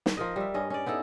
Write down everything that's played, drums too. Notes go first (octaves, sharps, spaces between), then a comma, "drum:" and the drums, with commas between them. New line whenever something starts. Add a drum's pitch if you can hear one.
drum: snare
F3 A#4 D#5
G3 E5
G2 C#4 D#5
C#4 D5
B3 D#4 E4 A4